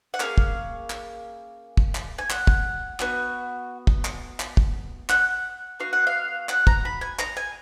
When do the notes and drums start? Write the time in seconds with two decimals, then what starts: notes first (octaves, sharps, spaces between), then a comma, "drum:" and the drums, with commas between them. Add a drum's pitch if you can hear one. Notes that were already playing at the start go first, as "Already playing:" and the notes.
0.14 F#5
0.20 A#3 C#4 G#4 F5, drum: clap
0.38 drum: kick
0.90 drum: clap
1.77 drum: kick
1.95 drum: clap
2.18 G#5
2.30 F#5, drum: clap
2.47 drum: kick
3.00 B3 F#4, drum: clap
3.87 drum: kick
4.05 drum: clap
4.40 drum: clap
4.57 drum: kick
5.09 F#5, drum: clap
5.80 B3 F#4 F5
5.93 F#5
6.07 F5
6.49 F#5, drum: clap
6.67 A#5, drum: kick
6.85 B5
7.01 G#5
7.19 A#5, drum: clap
7.37 G#5